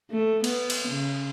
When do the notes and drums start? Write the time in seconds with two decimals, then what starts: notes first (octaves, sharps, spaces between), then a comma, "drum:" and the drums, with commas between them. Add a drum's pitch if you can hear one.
0.10 A3
0.44 B3, drum: cymbal
0.70 drum: cymbal
0.88 C#3